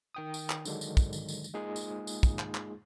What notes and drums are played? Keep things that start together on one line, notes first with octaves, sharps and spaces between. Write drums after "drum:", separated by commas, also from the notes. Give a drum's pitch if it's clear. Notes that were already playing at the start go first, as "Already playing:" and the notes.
D#3 G5 D#6
drum: tambourine
drum: clap
D3 D#3 F#3 G#3 D4, drum: tambourine
drum: tambourine
drum: kick, tambourine
drum: tambourine
drum: tambourine
drum: tambourine
G#3 A#3 D#4 F4 G#4
drum: tambourine
drum: tambourine
drum: kick, tambourine
drum: clap
drum: clap